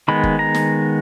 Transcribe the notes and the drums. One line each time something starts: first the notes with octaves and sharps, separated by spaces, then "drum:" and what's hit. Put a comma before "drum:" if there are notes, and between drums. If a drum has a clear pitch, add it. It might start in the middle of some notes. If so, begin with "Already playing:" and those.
D#3 G#3 B3 B5
drum: kick G1
A#5
drum: snare